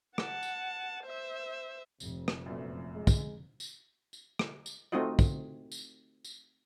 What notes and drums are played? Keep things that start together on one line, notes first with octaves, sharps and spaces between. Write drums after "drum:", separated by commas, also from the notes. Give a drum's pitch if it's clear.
F#5 A5, drum: rim click
drum: tambourine
C5 E5
F1 F2 C3, drum: tambourine
drum: rim click
F#2 A#2 A3 B3
G#3
drum: kick, tambourine
drum: tambourine
drum: tambourine
drum: rim click
drum: tambourine
A3 C4 D#4 F4 F#4 D#5
drum: kick, tambourine
drum: tambourine
drum: tambourine